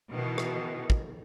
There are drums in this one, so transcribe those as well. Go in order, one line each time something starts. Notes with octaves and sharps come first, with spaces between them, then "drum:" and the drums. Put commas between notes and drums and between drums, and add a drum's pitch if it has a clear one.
B2 D#3 E3
drum: rim click
drum: kick